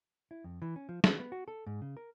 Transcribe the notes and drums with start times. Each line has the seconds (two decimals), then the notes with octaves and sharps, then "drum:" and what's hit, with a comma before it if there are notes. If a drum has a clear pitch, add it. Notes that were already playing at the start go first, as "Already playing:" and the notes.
0.31 E4
0.44 F2
0.62 E3
0.76 C#4
0.89 F3
1.04 D#3, drum: snare
1.19 B3
1.32 F#4
1.48 A4
1.66 G#2
1.82 C#3
1.97 A#4